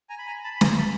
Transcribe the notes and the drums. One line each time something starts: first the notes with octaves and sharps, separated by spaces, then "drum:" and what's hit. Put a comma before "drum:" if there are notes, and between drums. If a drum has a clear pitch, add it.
G#5 A#5
B5
G#5 A#5
A5 B5
B5
G#5 A#5, drum: snare
A5 B5